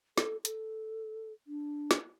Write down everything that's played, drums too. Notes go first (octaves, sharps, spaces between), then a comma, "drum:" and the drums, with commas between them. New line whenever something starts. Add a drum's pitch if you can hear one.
A4, drum: snare
A4, drum: hi-hat
D4
drum: snare